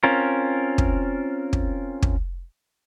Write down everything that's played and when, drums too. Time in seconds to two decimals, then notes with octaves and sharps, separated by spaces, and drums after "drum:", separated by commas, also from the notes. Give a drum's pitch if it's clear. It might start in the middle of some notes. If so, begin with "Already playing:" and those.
0.04 C4 C#4 F4 A#4
0.78 drum: kick
1.53 drum: kick
2.02 drum: kick